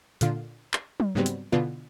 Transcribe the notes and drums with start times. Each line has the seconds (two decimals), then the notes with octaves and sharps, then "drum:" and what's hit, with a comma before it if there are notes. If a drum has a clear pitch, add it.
0.21 A#2 D3 F4, drum: hi-hat
0.74 drum: clap
1.00 drum: tom F#3
1.15 G#2 C#3 F#3 G3 B3 C4
1.26 drum: hi-hat
1.52 B2 D3 E3 B3 D4 F4